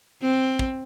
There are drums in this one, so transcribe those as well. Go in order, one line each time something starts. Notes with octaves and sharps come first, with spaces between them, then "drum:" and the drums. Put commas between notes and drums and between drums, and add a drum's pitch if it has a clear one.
C4
drum: kick